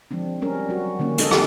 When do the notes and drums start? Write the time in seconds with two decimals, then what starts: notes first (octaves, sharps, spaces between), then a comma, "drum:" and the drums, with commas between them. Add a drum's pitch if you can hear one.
0.11 F3 G#3 C4 D4
0.42 G3 C#4 A#4
0.69 F#3 F#4
0.99 D3 D#3 A#3 C#4
1.18 G#3 C4 D#4 A4 D#5, drum: hi-hat
1.31 G4, drum: rim click